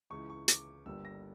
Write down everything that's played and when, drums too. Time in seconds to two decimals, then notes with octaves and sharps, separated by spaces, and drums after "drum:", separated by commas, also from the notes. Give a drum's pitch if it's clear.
0.10 C#2 C#3 E3 C#6
0.30 C#6
0.48 D6, drum: hi-hat
0.86 G1 G2 D3 G3 A#3 E6
1.05 A#6